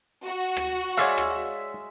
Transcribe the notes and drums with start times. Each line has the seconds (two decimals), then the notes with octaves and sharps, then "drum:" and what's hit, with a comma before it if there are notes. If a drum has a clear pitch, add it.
0.25 F#4
0.57 drum: rim click
0.97 G#3 C#5 D5 E5 F5, drum: hi-hat
1.18 drum: rim click